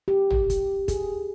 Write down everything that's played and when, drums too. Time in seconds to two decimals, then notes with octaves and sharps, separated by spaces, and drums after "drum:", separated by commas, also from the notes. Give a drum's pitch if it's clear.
0.08 G4
0.30 drum: tom
0.50 drum: kick, hi-hat
0.88 G#4, drum: kick, hi-hat